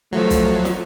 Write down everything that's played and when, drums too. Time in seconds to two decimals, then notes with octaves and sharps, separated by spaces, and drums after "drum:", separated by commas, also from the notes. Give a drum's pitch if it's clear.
0.13 F3 F#3 A3
0.30 drum: kick B1, hi-hat
0.65 drum: snare